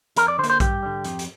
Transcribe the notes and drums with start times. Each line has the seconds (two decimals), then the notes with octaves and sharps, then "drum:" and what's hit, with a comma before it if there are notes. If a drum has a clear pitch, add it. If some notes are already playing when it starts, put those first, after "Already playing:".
0.17 F2 A#4, drum: hi-hat
0.28 D5
0.38 D3 C5
0.44 A#3, drum: hi-hat
0.50 C5
0.60 G2 G4, drum: kick A#1, hi-hat
0.83 D3 G3
1.05 F2, drum: hi-hat
1.19 drum: hi-hat